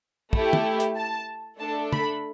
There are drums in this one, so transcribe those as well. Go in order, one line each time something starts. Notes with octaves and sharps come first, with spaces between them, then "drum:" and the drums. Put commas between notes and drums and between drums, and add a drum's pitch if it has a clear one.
A3 E4 G4, drum: kick
drum: tom
drum: hi-hat
A5
A3 D4 A4 A5
B5, drum: tom